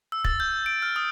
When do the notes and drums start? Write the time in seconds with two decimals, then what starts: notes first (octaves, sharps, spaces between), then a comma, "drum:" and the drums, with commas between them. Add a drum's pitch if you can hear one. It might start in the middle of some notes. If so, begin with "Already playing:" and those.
0.12 E6
0.25 A6, drum: kick
0.40 G6
0.66 D7
0.82 F6
0.96 D#6